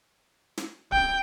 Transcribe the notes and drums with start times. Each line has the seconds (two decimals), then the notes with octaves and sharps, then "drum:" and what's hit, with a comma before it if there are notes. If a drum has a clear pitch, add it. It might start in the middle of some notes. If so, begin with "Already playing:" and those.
0.58 drum: snare
0.92 G5, drum: kick D1